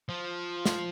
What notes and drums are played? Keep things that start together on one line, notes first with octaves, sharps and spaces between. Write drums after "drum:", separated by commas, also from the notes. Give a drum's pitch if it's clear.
F3
drum: snare